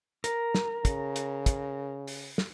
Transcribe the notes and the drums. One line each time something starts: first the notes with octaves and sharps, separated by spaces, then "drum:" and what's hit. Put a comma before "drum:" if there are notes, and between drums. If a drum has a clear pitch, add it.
A#4, drum: hi-hat
drum: snare
C#3, drum: kick, hi-hat
drum: hi-hat
drum: kick, hi-hat
drum: open hi-hat
drum: snare